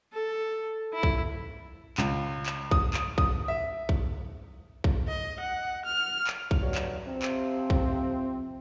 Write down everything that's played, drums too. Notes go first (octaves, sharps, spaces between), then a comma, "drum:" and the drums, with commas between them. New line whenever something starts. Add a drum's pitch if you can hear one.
A4
E4
drum: kick
C#2, drum: clap
drum: clap
D#6, drum: kick
drum: clap
D#6, drum: kick
E5
drum: kick
drum: kick
D#5
F#5
F6
drum: clap
drum: kick
E2 G2 F#3
drum: clap
C3 F3 C4
drum: clap
drum: kick